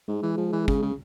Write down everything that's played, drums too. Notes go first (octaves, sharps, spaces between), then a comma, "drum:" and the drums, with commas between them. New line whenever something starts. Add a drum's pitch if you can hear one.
G#2 G#3
E3
F3
E3
C#3, drum: kick
C#3